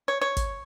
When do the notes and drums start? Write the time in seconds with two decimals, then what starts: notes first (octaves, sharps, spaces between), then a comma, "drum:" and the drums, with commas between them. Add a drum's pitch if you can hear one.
0.08 C#5
0.21 C#5
0.37 drum: kick, hi-hat